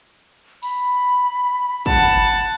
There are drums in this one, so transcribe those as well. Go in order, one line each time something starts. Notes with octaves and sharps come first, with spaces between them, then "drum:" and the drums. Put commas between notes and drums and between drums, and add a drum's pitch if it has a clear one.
B5, drum: open hi-hat
F#5 A5, drum: kick